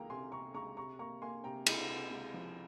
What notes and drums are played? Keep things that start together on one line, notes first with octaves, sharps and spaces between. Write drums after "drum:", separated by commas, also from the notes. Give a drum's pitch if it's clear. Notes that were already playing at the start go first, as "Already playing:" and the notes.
Already playing: C#2 E3 A#3 G5 A#5
C3 G#5 C6
C3 A#5 C#6
C#2 A#5 C#6
C3 A#5 C#6
A#3 A#5 C#6
A#3 G#5 C6
C3 G5 A#5
C#2, drum: cymbal
C3
C#2
F3